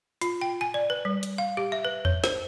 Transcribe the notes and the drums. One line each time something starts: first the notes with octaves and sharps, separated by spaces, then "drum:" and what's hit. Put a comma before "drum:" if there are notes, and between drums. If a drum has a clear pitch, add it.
F4, drum: hi-hat
G5
G#5
D5
B4
G3
drum: hi-hat
F5
G4
E5
B4
C#5, drum: tom E2
C5, drum: snare